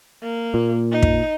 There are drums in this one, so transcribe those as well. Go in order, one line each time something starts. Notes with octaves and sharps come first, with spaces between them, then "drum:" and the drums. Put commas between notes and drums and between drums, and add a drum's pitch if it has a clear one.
A#3
A#2
D#4
drum: kick